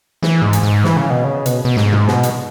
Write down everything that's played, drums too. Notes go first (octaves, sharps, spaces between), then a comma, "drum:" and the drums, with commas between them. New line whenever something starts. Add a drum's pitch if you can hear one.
E3, drum: snare
G#2
drum: hi-hat
G#2
E3, drum: snare
C#3
B2
C#3
B2, drum: hi-hat
B2
G#2, drum: snare
drum: tom
B2, drum: snare
drum: hi-hat